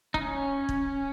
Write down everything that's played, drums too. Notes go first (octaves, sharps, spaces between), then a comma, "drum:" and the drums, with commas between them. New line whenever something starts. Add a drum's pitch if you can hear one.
D#4, drum: kick
C#4
drum: kick